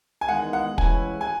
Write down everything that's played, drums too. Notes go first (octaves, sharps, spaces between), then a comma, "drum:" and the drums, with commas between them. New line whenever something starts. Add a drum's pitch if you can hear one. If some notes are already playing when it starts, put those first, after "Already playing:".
G#5
E2 D#3 G#3 F#5
F#5
E3 G#3 C#4 E4 G#5, drum: kick
G#5